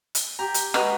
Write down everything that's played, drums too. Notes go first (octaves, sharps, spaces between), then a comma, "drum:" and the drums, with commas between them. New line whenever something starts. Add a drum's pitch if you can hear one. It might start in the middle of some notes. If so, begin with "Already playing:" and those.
drum: hi-hat
G4 A#5
drum: hi-hat
G#3 F#4 B4 D#5 A#5, drum: rim click